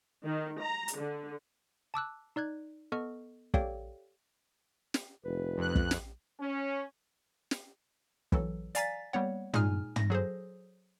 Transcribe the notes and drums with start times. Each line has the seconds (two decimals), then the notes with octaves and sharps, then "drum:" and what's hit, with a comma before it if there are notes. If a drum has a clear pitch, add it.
0.25 D#3
0.60 A#5
0.88 drum: hi-hat
0.97 D3
1.94 A5 D6 E6 F#6
2.36 D#4 D5 F#6 G#6
2.92 B3 A4 D#5 C#6 F6
3.54 G4 A4 C#5 D5 F5 G5, drum: kick
4.94 drum: snare
5.25 F1 B4
5.57 F2 F#6
5.75 drum: kick
5.91 drum: snare
6.41 C#4
7.51 drum: snare
8.32 E3 F#3 A4, drum: kick
8.75 D5 F5 G#5 A#5 A6 B6, drum: hi-hat
9.13 G3 A#3 B3 C#5 F#5
9.54 A#2 G#3 D#4 G#4 G#5 F6, drum: tom
9.96 A#6, drum: tom
10.10 F#3 G#4 A4 C5